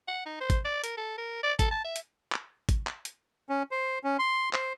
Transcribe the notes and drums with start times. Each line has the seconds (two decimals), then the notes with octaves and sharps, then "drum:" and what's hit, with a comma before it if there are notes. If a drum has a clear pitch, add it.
0.08 F#5
0.26 D#4
0.41 C5
0.50 drum: kick G#1, hi-hat
0.65 D5
0.84 A#4, drum: hi-hat
0.97 A4
1.18 A#4
1.43 D5
1.59 A4, drum: kick G#1, hi-hat
1.71 A5
1.85 E5
1.96 drum: hi-hat
2.32 drum: clap
2.69 drum: kick G#1, hi-hat
2.87 drum: clap
3.05 drum: hi-hat
3.49 C#4
3.71 C5
4.04 C#4
4.19 C6
4.53 C5, drum: clap